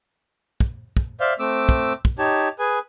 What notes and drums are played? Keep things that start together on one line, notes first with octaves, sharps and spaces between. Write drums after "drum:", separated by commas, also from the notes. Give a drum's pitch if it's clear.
drum: kick
drum: kick
C5 D5 E5 F5
A3 C4 D6 E6
drum: kick
drum: kick
D#4 G4 C#5 A5
G#4 B4 G#5